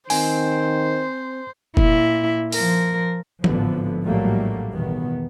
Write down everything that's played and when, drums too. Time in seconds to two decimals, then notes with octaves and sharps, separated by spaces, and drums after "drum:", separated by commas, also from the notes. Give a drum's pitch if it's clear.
0.10 D#3 C4 C5 G5 G#5, drum: open hi-hat
1.77 A#2 E4, drum: kick
2.52 F3 A#4, drum: open hi-hat
3.44 G#1 A2 D3 F3 A3 B3, drum: tom E3
4.04 A#1 A2 F#3 G3 A3 A#3
4.72 B1 E2 D#3 E3 B3